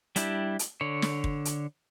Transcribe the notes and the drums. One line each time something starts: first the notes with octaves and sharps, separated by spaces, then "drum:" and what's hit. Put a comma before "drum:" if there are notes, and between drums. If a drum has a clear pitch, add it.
G3 D4 E4 G4, drum: hi-hat
drum: hi-hat
D3 C#5
drum: snare
drum: kick
drum: hi-hat